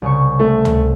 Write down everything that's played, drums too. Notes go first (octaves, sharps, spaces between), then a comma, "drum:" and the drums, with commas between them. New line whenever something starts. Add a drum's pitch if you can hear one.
C2 C#3 C#6
A3
drum: tom C#2